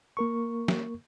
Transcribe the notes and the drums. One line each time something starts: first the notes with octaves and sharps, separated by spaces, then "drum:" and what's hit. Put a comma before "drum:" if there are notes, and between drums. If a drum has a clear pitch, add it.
A#3 A#4 C#6
drum: snare